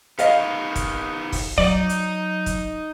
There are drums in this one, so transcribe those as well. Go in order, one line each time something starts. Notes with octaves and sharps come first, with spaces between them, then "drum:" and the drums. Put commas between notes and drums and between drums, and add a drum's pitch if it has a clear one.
D#3 B3 D#5 F5, drum: hi-hat
drum: kick, hi-hat
drum: kick, open hi-hat
F#3 D#4 D5
drum: hi-hat
drum: kick, hi-hat